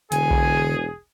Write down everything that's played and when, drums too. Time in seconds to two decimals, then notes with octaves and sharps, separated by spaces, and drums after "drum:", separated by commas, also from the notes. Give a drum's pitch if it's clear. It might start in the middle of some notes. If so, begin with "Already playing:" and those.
0.12 E1 D3 G#4 G#5, drum: hi-hat
0.31 drum: kick B1